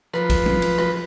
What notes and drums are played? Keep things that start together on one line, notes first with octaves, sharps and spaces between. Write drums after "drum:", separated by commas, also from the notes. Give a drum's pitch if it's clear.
F3 B4, drum: rim click
drum: kick, cymbal
drum: tom
drum: cymbal
drum: rim click